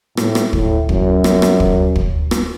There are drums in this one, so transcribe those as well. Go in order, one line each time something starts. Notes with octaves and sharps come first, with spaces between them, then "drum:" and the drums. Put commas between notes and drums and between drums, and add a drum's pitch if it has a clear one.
A2, drum: rim click
drum: rim click
A2, drum: kick
F#2, drum: kick
drum: rim click
drum: rim click
drum: kick
drum: kick
drum: rim click